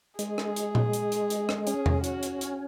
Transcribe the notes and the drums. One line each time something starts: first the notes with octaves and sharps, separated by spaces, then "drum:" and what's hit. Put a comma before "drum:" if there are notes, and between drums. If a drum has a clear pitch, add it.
G#3 G#4, drum: hi-hat
drum: rim click
drum: hi-hat
drum: tom A#2
drum: hi-hat
drum: hi-hat
drum: hi-hat
drum: rim click
C#4 G#4, drum: hi-hat
drum: tom E2
F#4, drum: hi-hat
drum: hi-hat
drum: hi-hat